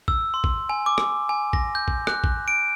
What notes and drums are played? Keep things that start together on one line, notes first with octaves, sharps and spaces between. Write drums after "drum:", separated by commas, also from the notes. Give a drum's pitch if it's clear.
E6, drum: kick A1
C6
drum: kick A1
G#5
D6
drum: rim click
G#5
A#6, drum: kick A1
G6
drum: kick A1
F#6, drum: rim click
drum: kick A1
D7